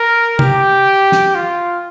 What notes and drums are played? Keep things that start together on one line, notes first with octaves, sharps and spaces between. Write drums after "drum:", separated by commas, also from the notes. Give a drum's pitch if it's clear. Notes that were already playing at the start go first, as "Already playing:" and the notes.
Already playing: A#4
G4, drum: tom C3
drum: snare
F4